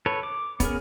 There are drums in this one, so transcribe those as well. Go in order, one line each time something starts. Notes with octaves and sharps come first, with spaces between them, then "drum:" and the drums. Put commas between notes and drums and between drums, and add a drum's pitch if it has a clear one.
A4 B4 C#5
D6
B3 C#4 G#4 A#4, drum: kick, hi-hat